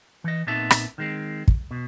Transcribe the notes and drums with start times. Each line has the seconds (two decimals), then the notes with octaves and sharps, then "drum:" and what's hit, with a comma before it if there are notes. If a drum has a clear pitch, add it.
0.24 E3 D#5
0.47 A#2 B3 C4 D#4 E5 A5
0.71 drum: rim click
0.98 D#3 G#3 C4
1.48 drum: kick
1.71 B2